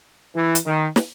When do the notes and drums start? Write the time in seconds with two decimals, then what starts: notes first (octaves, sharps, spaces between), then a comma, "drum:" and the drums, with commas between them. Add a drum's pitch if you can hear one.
0.35 E3
0.55 drum: hi-hat
0.66 D#3
0.96 drum: snare